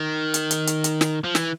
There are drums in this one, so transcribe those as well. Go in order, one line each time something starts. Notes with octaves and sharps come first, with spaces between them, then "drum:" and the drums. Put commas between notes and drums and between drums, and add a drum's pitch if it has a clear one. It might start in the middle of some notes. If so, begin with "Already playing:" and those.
Already playing: D#3
drum: hi-hat
drum: hi-hat
drum: hi-hat
drum: hi-hat
drum: snare
F3
E3, drum: snare